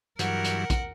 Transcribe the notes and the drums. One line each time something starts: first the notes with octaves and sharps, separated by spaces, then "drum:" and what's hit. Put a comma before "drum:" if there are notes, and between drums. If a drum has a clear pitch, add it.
G2 E3 F#3 A#4 F#5, drum: hi-hat
drum: hi-hat
drum: kick, hi-hat